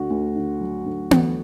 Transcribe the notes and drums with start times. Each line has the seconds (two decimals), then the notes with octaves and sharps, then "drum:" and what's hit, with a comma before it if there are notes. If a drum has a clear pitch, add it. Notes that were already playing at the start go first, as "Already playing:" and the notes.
Already playing: D2 D3 F#4
0.10 D2
0.36 D3
0.61 F#3
0.86 D2
1.11 D2, drum: tom B3